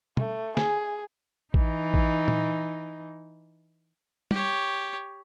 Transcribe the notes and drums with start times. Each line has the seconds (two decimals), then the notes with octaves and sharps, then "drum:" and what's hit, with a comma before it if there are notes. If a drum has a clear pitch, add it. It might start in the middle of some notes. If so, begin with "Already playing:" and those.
0.17 A3, drum: tom
0.57 G#4, drum: snare
1.54 E3 D#4, drum: kick A1
1.94 drum: kick A1
2.28 drum: tom A#2
4.31 G4 C#5, drum: tom